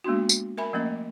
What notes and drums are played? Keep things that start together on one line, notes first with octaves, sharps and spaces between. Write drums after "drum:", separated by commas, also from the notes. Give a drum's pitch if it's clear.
G#3 A#3 B3 D4 F#4
drum: tambourine
A#4 E5 G#5 B5
F3 A3 A#3 C#4 D#5